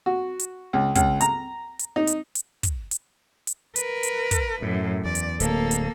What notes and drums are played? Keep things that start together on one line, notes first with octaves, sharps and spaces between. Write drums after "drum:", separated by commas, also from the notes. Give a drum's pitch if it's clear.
F#4
drum: hi-hat
C#2
C#2, drum: kick, hi-hat
A#5, drum: hi-hat
drum: hi-hat
D#4
drum: hi-hat
drum: hi-hat
drum: kick, hi-hat
drum: hi-hat
drum: hi-hat
A#4 B4, drum: hi-hat
drum: hi-hat
drum: kick, hi-hat
F#2 A2
E2 D5
drum: hi-hat
D1 A#3 A4, drum: hi-hat
drum: hi-hat